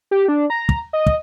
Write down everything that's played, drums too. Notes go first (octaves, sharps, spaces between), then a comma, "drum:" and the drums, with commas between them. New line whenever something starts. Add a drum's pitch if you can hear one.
G4
D4
A#5
drum: kick
D#5
drum: kick